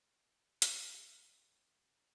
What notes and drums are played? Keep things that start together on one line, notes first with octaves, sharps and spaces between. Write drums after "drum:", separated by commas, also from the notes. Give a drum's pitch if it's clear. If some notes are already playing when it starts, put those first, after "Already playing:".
Already playing: G#2 G#3
A3
drum: hi-hat
F#2 F#3